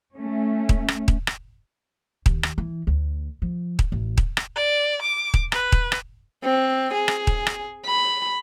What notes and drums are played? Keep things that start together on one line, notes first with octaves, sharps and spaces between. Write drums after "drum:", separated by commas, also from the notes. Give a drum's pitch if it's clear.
A3 C#4
drum: kick D#1
drum: rim click
drum: kick D#1
drum: rim click
D#2, drum: kick D#1
drum: rim click
E3
D2
F3
drum: kick D#1
A1
drum: kick D#1
drum: rim click
D5
D6
drum: kick D#1
B4, drum: rim click
drum: kick D#1
drum: rim click
C4
G#4
drum: rim click
drum: kick D#1
drum: rim click
B5